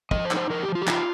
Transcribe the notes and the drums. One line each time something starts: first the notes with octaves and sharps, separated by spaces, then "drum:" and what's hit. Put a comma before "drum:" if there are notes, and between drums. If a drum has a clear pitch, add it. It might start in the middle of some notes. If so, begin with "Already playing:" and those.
F3 D#5, drum: kick
C5
D#4, drum: clap
C5
F3 A#4
G4
F3
F4
G4
D#4 F4, drum: clap